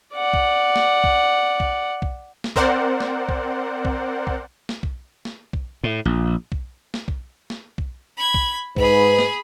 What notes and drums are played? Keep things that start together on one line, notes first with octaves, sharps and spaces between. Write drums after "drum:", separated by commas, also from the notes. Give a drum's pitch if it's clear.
D5 F#5
drum: kick B1
drum: snare
drum: kick B1
drum: kick B1
drum: kick B1
drum: snare
C4 A#4 C5 D5 F#5, drum: kick B1
drum: snare
drum: kick B1
drum: kick B1
drum: kick B1
drum: snare
drum: kick B1
drum: snare
drum: kick B1
A2
A#1
drum: kick B1
drum: snare
drum: kick B1
drum: snare
drum: kick B1
B5 G#6
drum: kick B1
G#2 G#4 B4 B5, drum: kick B1
drum: snare